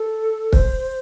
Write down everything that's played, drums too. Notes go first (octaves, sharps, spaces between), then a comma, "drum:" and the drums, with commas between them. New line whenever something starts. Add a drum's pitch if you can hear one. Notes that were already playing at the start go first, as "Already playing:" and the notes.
Already playing: A4
C5, drum: kick